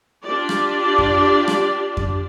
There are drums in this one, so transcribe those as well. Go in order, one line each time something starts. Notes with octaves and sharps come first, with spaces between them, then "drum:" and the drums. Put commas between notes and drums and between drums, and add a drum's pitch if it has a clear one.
D4 F4 G4 D5
drum: rim click
drum: kick F2
drum: rim click
drum: kick F2